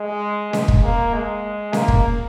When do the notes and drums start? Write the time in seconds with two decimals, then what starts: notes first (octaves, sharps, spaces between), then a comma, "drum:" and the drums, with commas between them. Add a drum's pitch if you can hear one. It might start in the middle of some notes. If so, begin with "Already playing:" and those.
Already playing: G#3
0.53 G#3, drum: snare C#4
0.68 drum: kick
0.83 A#3
1.13 G#3
1.73 A#3, drum: snare C#4
1.88 drum: kick